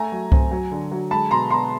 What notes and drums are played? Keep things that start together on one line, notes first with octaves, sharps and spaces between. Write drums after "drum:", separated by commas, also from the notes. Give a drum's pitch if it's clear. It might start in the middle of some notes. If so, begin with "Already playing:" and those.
Already playing: A3 G#5 A#5
F#3
C4, drum: kick C2
F#3
D3
F#3
G#3 A5 B5
B2 A#5 C6
B3 A#5 C6